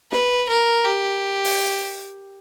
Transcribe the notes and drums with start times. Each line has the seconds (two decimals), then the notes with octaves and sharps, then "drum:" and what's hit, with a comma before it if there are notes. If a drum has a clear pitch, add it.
0.12 B4, drum: snare
0.48 A#4
0.85 G4
1.44 drum: open hi-hat